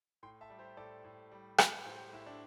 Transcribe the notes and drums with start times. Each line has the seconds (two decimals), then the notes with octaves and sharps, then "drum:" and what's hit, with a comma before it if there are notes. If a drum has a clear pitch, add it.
0.23 A2 G5 C6
0.41 E5 A5
0.50 G3
0.59 G4 C5
0.77 A2 A4 D5
1.04 A2
1.32 G3
1.58 G3, drum: rim click
1.85 A2 G4 C5
2.13 A2 E4
2.26 D4